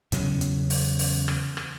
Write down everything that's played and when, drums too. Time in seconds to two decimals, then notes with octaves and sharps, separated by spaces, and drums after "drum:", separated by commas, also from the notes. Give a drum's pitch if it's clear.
0.12 E2 C#3 F#3 C#4, drum: hi-hat
0.41 drum: hi-hat
0.70 drum: open hi-hat
0.99 drum: open hi-hat
1.28 drum: rim click
1.57 drum: rim click